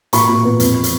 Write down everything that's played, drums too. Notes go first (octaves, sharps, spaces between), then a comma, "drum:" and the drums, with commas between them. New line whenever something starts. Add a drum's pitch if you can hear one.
A#2 B5 C#6, drum: hi-hat
A#2
B3
F2, drum: hi-hat
drum: hi-hat